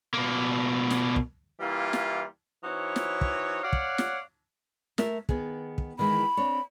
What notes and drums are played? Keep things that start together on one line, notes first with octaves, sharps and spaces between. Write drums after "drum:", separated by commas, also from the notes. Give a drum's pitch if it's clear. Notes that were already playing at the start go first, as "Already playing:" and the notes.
B2 A#3
drum: snare
drum: kick
E3 G3 A#3 E4 F4
drum: snare
E3 D#4 F#4 C5 C#5
drum: snare
drum: kick
C#5 D5 F5 F#5
drum: kick
drum: snare
A3 A#4 E5, drum: snare
D#3 B3 G#4, drum: kick
drum: kick
D#3 E3 G#3 B5
C4 D4 C#5